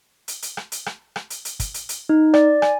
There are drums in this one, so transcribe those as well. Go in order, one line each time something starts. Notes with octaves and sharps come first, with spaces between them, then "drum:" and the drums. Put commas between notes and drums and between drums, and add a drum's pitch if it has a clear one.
drum: hi-hat
drum: hi-hat
drum: rim click
drum: hi-hat
drum: rim click
drum: rim click
drum: hi-hat
drum: hi-hat
drum: kick, hi-hat
drum: hi-hat
drum: hi-hat
D#4
D5, drum: rim click
G#5, drum: rim click